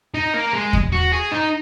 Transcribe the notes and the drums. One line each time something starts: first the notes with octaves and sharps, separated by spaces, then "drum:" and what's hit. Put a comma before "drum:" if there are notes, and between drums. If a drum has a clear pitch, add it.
D#4
A#3
G#3
drum: kick E2
F#4
G#4
D#4